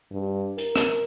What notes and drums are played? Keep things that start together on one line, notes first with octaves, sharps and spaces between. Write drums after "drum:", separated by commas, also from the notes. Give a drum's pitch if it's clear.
G2
A#4, drum: hi-hat
drum: rim click